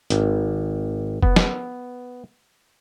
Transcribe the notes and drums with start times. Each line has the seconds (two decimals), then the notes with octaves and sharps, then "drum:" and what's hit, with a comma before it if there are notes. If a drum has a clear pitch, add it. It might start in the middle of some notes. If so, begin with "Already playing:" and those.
0.10 G#1, drum: hi-hat
1.23 B3, drum: kick F1
1.36 drum: snare